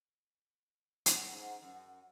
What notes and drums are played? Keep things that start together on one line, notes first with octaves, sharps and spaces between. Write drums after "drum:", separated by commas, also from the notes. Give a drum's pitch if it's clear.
F#2, drum: hi-hat
G#2
F#2